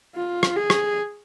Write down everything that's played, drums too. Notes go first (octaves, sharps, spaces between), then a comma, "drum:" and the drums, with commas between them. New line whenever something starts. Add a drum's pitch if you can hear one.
F4
drum: rim click
G#4
drum: rim click